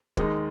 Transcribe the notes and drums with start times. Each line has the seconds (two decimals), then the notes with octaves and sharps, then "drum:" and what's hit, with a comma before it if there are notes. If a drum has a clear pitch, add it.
0.17 D#2 D#3 G#3 D#4, drum: kick